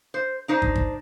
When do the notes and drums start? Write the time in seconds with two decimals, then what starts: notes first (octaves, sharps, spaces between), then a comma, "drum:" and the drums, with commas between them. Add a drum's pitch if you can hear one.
0.14 C5
0.48 D4 D#4 C5
0.62 drum: kick
0.75 drum: kick